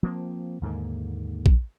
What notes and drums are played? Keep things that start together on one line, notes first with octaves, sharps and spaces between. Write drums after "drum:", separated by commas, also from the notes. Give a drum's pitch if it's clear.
F3 A#3 C4
D#2 G#2 D3 A#3
drum: kick A#1